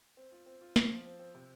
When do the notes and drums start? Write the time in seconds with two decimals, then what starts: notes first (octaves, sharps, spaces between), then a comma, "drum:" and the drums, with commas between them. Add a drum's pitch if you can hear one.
0.17 C4
0.32 F4
0.46 C4
0.61 F4
0.76 F4, drum: snare
0.90 F3
1.05 C4
1.19 C4
1.35 C3